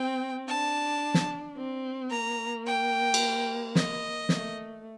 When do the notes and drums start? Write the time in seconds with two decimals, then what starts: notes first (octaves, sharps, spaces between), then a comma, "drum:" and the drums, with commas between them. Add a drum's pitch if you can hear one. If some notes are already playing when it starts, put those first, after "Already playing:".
Already playing: C4 G5
0.48 D4 A5
1.14 drum: snare
1.57 C4
2.11 A#3 A#5
2.66 G5
3.14 drum: cymbal
3.76 D#5, drum: snare
4.29 A3, drum: snare